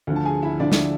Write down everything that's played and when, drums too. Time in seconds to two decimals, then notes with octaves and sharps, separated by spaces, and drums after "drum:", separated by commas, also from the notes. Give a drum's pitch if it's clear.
0.07 D2 D3 F3
0.16 A5
0.25 G#4 G#5
0.42 E4 E5
0.59 D2 D3 F3 D4 D5
0.72 drum: snare